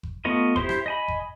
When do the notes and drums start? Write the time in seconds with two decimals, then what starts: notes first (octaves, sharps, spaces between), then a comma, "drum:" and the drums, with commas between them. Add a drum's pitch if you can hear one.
0.03 drum: kick F#1
0.25 A3 B3 F4 D#5
0.56 E4 G4 C5 C6, drum: kick F#1
0.69 drum: rim click
0.86 D#5 G#5 B5
1.08 drum: kick F#1